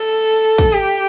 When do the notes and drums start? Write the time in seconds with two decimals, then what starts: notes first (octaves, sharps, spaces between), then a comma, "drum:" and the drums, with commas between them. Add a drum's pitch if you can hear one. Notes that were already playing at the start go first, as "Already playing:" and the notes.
Already playing: A4
0.58 drum: kick
0.73 G4